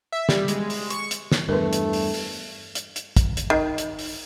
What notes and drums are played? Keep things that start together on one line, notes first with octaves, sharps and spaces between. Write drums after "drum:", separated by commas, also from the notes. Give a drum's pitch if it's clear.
E5
G3, drum: snare
G#3, drum: hi-hat
drum: open hi-hat
C#6, drum: hi-hat
drum: hi-hat
drum: snare
E2 G2 A3 A#4 B4
drum: hi-hat
drum: open hi-hat
drum: open hi-hat
drum: hi-hat
drum: hi-hat
drum: kick, hi-hat
drum: hi-hat
D#3
drum: hi-hat
drum: open hi-hat